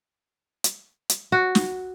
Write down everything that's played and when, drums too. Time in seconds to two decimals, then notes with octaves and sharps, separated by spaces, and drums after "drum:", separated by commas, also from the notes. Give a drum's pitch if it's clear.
0.64 drum: hi-hat
1.10 drum: hi-hat
1.32 F#4
1.55 drum: snare